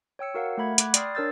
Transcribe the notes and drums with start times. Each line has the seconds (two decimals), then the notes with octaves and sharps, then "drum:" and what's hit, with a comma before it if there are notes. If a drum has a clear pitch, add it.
0.19 C#5 G5 E6 C#7
0.34 F#4 A#4 F5 F#5
0.58 A3 F#5 B5 G#6
0.78 B5 D6 F#6 G#6, drum: hi-hat
0.94 D5 G5 C6 D#6 F6 C7, drum: hi-hat
1.15 D4 A#4 C#5 E6 G6 A6